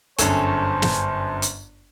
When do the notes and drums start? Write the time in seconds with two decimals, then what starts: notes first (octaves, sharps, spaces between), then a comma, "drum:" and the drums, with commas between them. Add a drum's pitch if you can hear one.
0.18 G1 F#2 D3 G#4 A4 C5 C#5, drum: hi-hat
0.82 drum: snare
1.42 drum: hi-hat